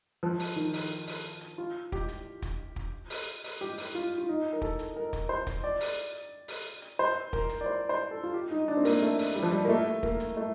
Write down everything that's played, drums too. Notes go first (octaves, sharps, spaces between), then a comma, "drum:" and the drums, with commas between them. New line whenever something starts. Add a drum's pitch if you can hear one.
F3
drum: open hi-hat
D#3
drum: open hi-hat
drum: open hi-hat
drum: hi-hat
F4
G4, drum: kick
drum: hi-hat
drum: kick, hi-hat
drum: kick
drum: open hi-hat
drum: open hi-hat
G4
drum: open hi-hat
F4
F4
D#4
A#4
A4, drum: kick
drum: hi-hat
A#4
drum: kick, hi-hat
C5
drum: kick, hi-hat
D5
drum: open hi-hat
drum: open hi-hat
drum: hi-hat
C5
A#4, drum: kick
drum: hi-hat
D5
C5
C5
A4
F4
G4
D#4
D4
C4
A#3, drum: open hi-hat
A3
drum: open hi-hat
G3
F3
G3, drum: hi-hat
A#3
A3
A#3, drum: kick
drum: hi-hat
A3